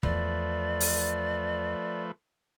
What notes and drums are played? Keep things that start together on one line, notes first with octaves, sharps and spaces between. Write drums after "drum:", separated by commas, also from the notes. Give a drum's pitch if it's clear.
E2 F3 A3 B4 D5, drum: kick
drum: open hi-hat